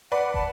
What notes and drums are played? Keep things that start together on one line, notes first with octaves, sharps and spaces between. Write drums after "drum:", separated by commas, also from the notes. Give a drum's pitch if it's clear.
B4 D5 F#5
A5, drum: kick